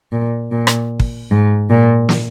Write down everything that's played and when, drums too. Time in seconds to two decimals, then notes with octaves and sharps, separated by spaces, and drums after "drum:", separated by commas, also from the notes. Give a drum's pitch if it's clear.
0.12 A#2
0.51 A#2
0.67 drum: rim click
1.00 drum: kick
1.30 G#2
1.69 A#2
2.09 drum: snare